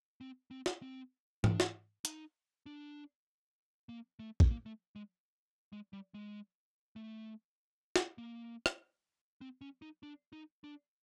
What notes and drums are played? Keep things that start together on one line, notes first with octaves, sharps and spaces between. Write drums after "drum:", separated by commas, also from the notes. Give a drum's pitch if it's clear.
C4
C4
drum: snare
C4
D4, drum: tom G#2
drum: snare
D#4, drum: hi-hat
D4
A#3
A3
drum: kick
A#3
A3
G#3
G#3
G3
G#3
A3
drum: snare
A#3
drum: rim click
C4
C#4
D#4
D4
D#4
D4